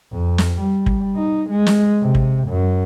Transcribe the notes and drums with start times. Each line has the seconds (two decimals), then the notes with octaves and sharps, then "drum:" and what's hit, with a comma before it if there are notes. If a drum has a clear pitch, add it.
0.13 F2
0.38 drum: snare
0.61 G3
0.86 drum: kick
1.16 D#4
1.50 G#3
1.66 drum: snare
2.03 C3
2.15 drum: kick
2.49 F#2